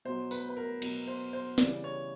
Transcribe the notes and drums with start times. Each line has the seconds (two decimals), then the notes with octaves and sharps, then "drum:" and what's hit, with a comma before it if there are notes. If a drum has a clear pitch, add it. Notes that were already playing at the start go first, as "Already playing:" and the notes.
0.05 B2 F#3 C5
0.31 B4, drum: tambourine
0.49 B4
0.57 A#4
0.82 B2 F#3, drum: cymbal
1.07 C5
1.33 C5
1.58 C#3 E3 G3 D5, drum: snare
1.84 C#5